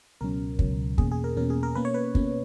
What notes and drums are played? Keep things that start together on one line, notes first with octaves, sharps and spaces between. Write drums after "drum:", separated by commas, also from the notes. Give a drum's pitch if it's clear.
C#2 B2 F#3 C#4 A#4
C#2 B2 F#3 C#4, drum: kick
E2 B2 A#3 C#4 G#4, drum: kick
G#4
A#4
E2 B2 A#3 C#4 A#4
G#4
A#4
B2 A#3 C#4 B4
C#5
B4
B2 A#3 C#4, drum: kick